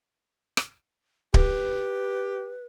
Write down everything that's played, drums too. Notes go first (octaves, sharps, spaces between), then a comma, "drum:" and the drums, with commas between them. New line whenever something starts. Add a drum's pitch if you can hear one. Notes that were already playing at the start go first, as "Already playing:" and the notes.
drum: rim click
G4 B4, drum: kick D1